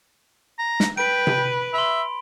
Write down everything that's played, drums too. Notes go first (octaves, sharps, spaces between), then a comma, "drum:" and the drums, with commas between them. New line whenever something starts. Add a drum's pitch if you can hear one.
A#5
drum: snare
B4 G5 B6 D7
drum: tom C3
E5 B5 C6